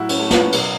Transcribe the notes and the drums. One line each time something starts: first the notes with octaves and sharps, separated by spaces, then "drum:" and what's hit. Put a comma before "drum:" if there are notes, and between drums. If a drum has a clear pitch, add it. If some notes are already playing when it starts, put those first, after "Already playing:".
Already playing: A2 F#3 E4 F#4
C#4, drum: cymbal
A3
B3, drum: snare
C#4
B2 F#3, drum: cymbal